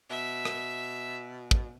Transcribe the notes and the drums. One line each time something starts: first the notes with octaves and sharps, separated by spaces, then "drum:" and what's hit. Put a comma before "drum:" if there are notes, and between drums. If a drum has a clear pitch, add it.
B2 E5
drum: rim click
drum: kick